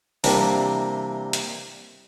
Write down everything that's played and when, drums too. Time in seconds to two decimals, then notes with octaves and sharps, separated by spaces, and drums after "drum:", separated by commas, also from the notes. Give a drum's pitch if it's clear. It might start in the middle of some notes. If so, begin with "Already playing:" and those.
0.24 C3 E3 G3 A#3 D4, drum: open hi-hat
1.33 drum: hi-hat